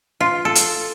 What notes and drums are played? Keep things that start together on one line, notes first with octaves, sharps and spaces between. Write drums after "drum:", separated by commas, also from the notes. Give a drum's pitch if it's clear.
F4
A4
drum: hi-hat